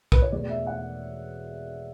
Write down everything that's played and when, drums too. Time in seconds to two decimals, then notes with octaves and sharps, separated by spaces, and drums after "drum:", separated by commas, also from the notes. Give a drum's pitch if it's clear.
0.12 B4, drum: kick
0.22 C#5
0.32 E1 E2 B2 A3 D5
0.49 E5
0.66 F#5